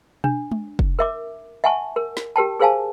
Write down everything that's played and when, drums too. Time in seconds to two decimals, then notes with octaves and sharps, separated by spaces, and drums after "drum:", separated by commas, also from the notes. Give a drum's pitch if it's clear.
0.24 D4, drum: tom B2
0.51 drum: tom G#3
0.79 drum: kick
0.99 A#4 E5 D6
1.64 E5 F#5 G#5 A5 C#6
1.96 A#4
2.17 drum: snare
2.36 G4 A#4 G5 A5
2.60 G#4 A#4 C5 F5 G#5 A5